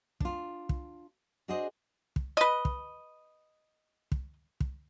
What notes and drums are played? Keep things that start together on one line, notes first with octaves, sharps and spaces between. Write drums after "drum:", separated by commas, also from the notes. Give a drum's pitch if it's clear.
D4 F4, drum: kick
drum: kick
D4 F#4 G#4 C5 D#5
drum: kick
B4 D#5
drum: kick
drum: kick
drum: kick